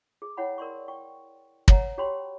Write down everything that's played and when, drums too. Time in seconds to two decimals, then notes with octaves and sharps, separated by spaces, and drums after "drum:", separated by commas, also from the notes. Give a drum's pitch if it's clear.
0.22 G#4
0.37 E4 C#5 F#5 G5 B5
0.58 A#4 D5 C6 C#6
0.88 G5 C#6
1.68 C#5 F#5 A#5, drum: kick
1.98 F#4 G4 C#5 G5 B5 C6